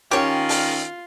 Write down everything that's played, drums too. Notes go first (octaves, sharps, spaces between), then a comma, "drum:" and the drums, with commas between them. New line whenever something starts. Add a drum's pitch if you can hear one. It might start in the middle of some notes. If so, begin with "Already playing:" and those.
D#3 C#4 F4 G4 A#4 C#5 A5
drum: open hi-hat